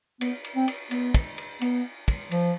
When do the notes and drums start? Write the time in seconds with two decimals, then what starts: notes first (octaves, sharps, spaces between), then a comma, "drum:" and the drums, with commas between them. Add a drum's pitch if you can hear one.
0.21 B3, drum: cymbal
0.44 drum: cymbal
0.56 C4
0.68 drum: cymbal
0.91 B3, drum: cymbal
1.14 drum: kick, cymbal
1.38 drum: cymbal
1.61 B3, drum: cymbal
2.08 drum: kick, cymbal
2.31 F3, drum: cymbal